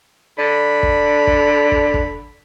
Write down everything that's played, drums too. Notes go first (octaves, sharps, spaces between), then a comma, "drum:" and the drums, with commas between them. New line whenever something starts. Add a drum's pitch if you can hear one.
D3 D4 B5
drum: kick
drum: kick
drum: kick
drum: kick